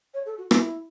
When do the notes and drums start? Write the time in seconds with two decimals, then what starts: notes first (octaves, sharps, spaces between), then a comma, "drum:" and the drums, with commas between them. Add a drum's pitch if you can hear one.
0.14 C#5
0.26 A4
0.38 F#4
0.51 E4, drum: rim click